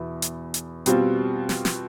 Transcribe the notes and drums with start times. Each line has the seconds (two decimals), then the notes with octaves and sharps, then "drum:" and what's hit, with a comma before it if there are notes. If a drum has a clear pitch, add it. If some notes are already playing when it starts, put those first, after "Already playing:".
Already playing: E2 B2 B3 E4
0.22 drum: hi-hat
0.54 drum: hi-hat
0.86 B2 G3 C4 F4, drum: hi-hat
1.49 drum: snare
1.65 drum: snare